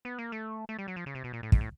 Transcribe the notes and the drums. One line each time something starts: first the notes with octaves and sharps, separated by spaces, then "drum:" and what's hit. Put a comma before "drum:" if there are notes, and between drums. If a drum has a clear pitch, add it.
B3
A#3
A3
A3
G3
F#3
F3
C#3
C3
B2
A#2
A2
G#2, drum: kick
A2